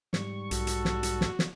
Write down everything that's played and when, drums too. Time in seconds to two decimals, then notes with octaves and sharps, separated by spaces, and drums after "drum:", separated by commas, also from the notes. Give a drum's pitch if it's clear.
0.13 G#2 G3 C#6, drum: snare
0.51 B1 F#4 A4, drum: hi-hat
0.67 drum: hi-hat
0.85 drum: snare
1.03 drum: hi-hat
1.21 drum: snare
1.39 drum: snare